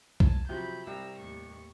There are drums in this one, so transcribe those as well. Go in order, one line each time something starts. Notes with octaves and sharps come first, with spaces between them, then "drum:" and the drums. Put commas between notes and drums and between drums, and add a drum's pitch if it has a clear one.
G#5 A5, drum: kick
C3 F3 F#3 B5 G6
C2 G3 A#5 E6
D#2 A2 C#6